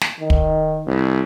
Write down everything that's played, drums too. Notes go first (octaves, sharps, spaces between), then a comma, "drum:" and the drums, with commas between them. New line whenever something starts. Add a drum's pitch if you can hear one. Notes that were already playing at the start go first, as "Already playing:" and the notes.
drum: snare
D#3
drum: kick
C2